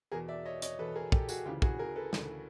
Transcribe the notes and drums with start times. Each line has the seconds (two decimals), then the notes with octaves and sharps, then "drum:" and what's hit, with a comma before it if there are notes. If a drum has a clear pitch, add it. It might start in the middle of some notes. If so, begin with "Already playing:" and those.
0.12 E2 B2 G#4 A#4
0.28 D5 E5
0.45 C#5 D#5
0.62 C#5 D#5, drum: hi-hat
0.79 E2 B2 A4 B4
0.96 G#4 A#4
1.12 G4 A4, drum: kick
1.29 F#4 G#4, drum: tambourine
1.45 D2 C#3 E3 F4 G4
1.62 F#4 G#4, drum: kick
1.79 G#4 A#4
1.96 A4 B4
2.13 D2 C#3 E3, drum: snare